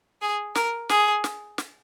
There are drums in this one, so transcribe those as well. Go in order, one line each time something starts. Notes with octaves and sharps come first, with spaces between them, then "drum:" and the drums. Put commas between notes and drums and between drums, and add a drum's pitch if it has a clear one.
G#4
A#4, drum: snare
G#4, drum: snare
drum: snare
drum: snare